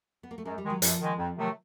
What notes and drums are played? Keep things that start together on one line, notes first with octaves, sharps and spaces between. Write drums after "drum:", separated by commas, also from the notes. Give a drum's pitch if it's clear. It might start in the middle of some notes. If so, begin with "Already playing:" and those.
B3
A#3
A3
F#2 G#3
G3
D#3 G#3
F#3
F#2 F3, drum: hi-hat
D#3 G#3
F2
C3 D#3 F#3 A3